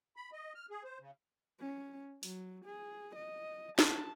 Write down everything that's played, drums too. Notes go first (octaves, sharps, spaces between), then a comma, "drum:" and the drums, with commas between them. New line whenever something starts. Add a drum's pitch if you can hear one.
B5
D#5
F6
G#4
C5
C#3
C#4
F#3, drum: open hi-hat
G#4
D#5
A5, drum: snare